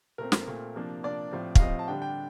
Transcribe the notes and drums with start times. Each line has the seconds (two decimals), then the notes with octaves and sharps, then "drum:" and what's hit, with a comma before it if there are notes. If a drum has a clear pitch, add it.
0.18 A#2 A3 C4 A#4
0.32 drum: snare
0.47 A#2 A3 C4
0.75 C3 F3 A#3 D4
1.03 C3 F3 A#3 D4 D5
1.31 A2 F3 C4
1.55 F5, drum: kick
1.60 A2 F3 C4 D#5
1.79 A5
1.88 D3 G3 D4 G5
2.02 G5